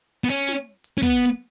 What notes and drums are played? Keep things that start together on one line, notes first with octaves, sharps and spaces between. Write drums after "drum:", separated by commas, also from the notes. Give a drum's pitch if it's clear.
B3
C#4, drum: hi-hat
drum: snare
drum: hi-hat
C#4
B3, drum: kick, hi-hat
drum: hi-hat